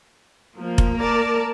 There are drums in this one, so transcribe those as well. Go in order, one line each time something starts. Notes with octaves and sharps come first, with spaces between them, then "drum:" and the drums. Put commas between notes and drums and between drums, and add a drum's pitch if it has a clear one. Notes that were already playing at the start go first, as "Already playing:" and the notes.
F3 A#3
drum: kick F1
A#4 D5 A5